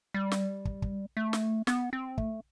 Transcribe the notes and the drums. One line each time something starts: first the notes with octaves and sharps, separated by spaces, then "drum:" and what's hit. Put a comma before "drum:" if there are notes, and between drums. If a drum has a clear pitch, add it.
G3
drum: snare
drum: kick
drum: kick
A3
drum: snare
B3, drum: snare
C4
A3, drum: kick